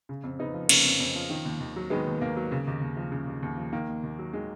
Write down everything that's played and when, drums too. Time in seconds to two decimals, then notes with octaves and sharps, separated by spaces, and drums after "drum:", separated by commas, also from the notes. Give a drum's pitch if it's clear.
0.09 C#3
0.24 F2
0.39 F2 B3 D#4
0.54 F3
0.69 C#3 A#3 C#4, drum: cymbal
0.85 F2
1.00 F2
1.16 F3
1.30 D#3
1.45 D#2
1.60 D#2
1.76 F#3
1.90 D#3 G#3 B3
2.06 D#2
2.21 D#2 A#3
2.36 F#3
2.52 C#3
2.67 D#2
2.82 D#2
2.97 F3
3.12 C#3
3.27 D#2
3.43 D#2
3.57 F3
3.73 D#3 A#3
3.88 D#2
4.03 D#2
4.19 F#3
4.33 D#3 G#3